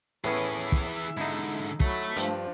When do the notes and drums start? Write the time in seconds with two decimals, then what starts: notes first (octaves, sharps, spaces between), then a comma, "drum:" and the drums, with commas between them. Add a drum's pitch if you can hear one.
0.24 A2 E3 B3 C#4 G#4 B4
0.60 E5
0.72 drum: kick
1.17 G#2 D3 D#4 E4
1.80 F#3 A3 A4 B5, drum: kick
2.17 G2 F3 D4, drum: hi-hat